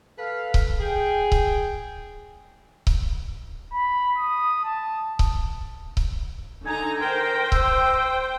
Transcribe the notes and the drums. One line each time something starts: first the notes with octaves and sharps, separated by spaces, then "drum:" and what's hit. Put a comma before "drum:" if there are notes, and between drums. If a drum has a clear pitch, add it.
A4 B4 F5
drum: kick C#1
G#4 G5
drum: kick C#1
drum: kick C#1
B5
D#6
A5
drum: kick C#1
drum: kick C#1
D3 D#4 G#5 A#5
A#4 C5 G5
E6, drum: kick C#1